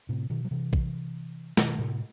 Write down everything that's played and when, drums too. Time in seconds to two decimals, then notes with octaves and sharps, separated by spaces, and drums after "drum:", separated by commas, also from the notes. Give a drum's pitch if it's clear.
0.09 A2 C3
0.30 B2 D#3
0.45 F#3
0.51 C3 E3
0.73 drum: kick
1.57 B2 D#3, drum: snare
1.79 A2 C3